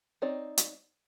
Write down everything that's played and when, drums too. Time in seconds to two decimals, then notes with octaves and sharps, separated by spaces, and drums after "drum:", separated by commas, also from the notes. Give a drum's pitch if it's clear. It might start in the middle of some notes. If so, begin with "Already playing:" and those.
0.22 C4 D#4 C#5 D5
0.58 drum: hi-hat